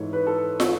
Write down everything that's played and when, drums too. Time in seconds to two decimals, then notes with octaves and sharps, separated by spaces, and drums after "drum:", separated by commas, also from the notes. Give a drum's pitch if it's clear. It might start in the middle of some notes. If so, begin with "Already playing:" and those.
Already playing: G#2 E3 A4 C#5
0.13 B4
0.27 A4
0.60 drum: snare